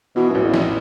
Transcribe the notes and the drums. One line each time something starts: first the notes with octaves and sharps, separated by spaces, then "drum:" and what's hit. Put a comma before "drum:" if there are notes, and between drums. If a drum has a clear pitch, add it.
B2 E3
A1 F#2
E2
A1, drum: snare